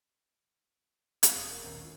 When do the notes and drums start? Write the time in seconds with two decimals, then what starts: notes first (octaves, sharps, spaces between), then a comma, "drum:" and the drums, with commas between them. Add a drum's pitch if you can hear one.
1.23 G#3 C5 E5 F5 E6 A6, drum: hi-hat
1.36 E1 C#4 G4 D#6
1.50 F#3 A#4 F#5 D#6
1.64 D#1 A#1 B2 D#3 C4 C#4 E6 C7
1.81 D3 F4